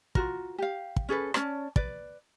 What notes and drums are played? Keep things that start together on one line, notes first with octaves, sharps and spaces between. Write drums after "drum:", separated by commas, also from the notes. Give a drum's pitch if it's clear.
F4 F#4 A#4, drum: kick
G4 F5
drum: kick
C#4 G#4 A4 B4
C#4 C#5 D5 A5, drum: rim click
B4 D5, drum: kick